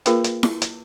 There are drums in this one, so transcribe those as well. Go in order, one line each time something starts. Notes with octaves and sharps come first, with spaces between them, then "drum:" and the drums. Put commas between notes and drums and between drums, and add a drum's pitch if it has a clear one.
A#3 F4 G#4 A#4 B4 G5, drum: hi-hat
drum: hi-hat
drum: snare E4
drum: hi-hat